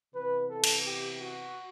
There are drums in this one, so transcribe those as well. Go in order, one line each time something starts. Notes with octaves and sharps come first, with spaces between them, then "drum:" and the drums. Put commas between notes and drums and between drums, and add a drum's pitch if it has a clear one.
C3 E3 B3 B4
A4
drum: cymbal
G4
F#4